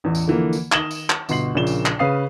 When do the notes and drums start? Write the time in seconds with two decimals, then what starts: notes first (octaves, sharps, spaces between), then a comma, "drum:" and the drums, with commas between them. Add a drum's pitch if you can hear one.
0.04 A1 E2 E3
0.15 drum: tambourine
0.27 D3 E3 F3 A#3
0.53 drum: tambourine
0.72 D#3 D#6 A#6 E7 F#7 G7, drum: clap
0.91 drum: tambourine
1.10 drum: clap
1.29 G1 B2 C6 C7 F#7, drum: tambourine
1.55 A#1 A#2 C#3 E7 G7
1.67 drum: tambourine
1.86 drum: clap
1.99 C#3 B4 F5 D#6 C7